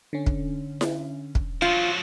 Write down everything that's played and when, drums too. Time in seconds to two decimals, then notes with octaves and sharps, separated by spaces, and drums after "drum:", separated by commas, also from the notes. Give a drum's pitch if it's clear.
0.13 D3 C#4
0.26 drum: kick
0.81 drum: snare E4
1.35 drum: kick
1.62 F3 F#3 F4